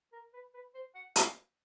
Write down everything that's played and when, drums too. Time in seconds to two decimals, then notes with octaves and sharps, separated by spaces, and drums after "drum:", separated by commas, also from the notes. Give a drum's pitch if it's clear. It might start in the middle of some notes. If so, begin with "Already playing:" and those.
0.13 A#4
0.33 B4
0.54 B4
0.74 C5
0.95 F#5
1.16 F5, drum: hi-hat